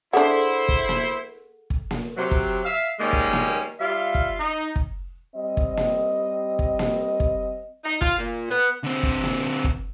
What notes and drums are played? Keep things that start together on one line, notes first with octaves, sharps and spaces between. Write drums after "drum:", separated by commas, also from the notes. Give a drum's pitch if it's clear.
D4 E4 F#4 G#4 A4 C5 F#5
drum: kick
drum: snare A#3
drum: kick
drum: snare A#3
C3 F#3
drum: kick
E5 F5
D#3 G3 G#3 A#3 C#4
drum: kick
drum: snare A#3
G3 F4 E5 F5
drum: kick
D#4
drum: kick
G3 C4 D#5
drum: kick
drum: snare A#3
drum: kick
drum: snare A#3
drum: kick
D#4
F4, drum: kick
A#2
B3
D3 C4
drum: kick
drum: snare A#3
drum: kick